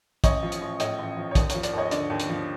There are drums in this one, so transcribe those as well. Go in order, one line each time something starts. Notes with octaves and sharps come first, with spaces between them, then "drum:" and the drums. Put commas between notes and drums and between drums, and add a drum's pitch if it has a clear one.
A1 C#5 D#5, drum: kick, hi-hat
F3
drum: hi-hat
A1
A2 C#5 D#5, drum: hi-hat
A1
F3
C#5
D#2 D5, drum: kick, hi-hat
F3 C#5, drum: hi-hat
D5, drum: hi-hat
D#2 C#5 D#5
D#5
D3 D5, drum: hi-hat
D#2
drum: hi-hat
F3